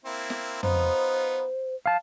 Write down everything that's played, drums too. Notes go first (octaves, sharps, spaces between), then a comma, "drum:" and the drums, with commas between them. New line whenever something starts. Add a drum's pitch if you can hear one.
A#3 C4 E4
drum: snare
B3 D#4 F4 C5, drum: tom
F5 A5